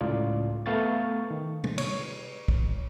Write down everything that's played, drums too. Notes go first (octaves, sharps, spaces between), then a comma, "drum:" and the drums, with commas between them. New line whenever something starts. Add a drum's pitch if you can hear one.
C#2 A2 F4 D5
A3 B3 F5 C#6 A6
D#3
drum: tom
C#5, drum: cymbal
drum: kick